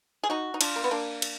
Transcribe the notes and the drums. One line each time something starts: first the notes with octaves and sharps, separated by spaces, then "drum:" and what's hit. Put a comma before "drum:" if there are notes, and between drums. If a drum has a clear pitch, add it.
G#4
D#4 F#4
D#4
D4 F4, drum: cymbal
A#3
B3
A#3 D4
drum: cymbal